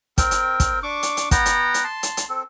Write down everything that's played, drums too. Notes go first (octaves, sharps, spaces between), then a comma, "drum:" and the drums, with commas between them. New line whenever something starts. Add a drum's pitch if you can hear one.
C4 A#4 G5, drum: kick, hi-hat
drum: hi-hat
drum: kick, hi-hat
D4 C#6 D6
drum: hi-hat
drum: hi-hat
B3 F#5 G5 A#5, drum: kick, hi-hat
drum: hi-hat
drum: hi-hat
A5 C6
drum: hi-hat
drum: hi-hat
C4 A4